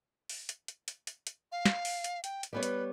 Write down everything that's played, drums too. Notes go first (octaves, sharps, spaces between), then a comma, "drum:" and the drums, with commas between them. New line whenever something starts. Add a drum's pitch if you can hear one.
drum: open hi-hat
drum: hi-hat
drum: hi-hat
drum: hi-hat
drum: hi-hat
drum: hi-hat
F5
drum: snare
drum: open hi-hat
drum: hi-hat
G5, drum: hi-hat
drum: hi-hat
G3 B3 B4 C#5
drum: hi-hat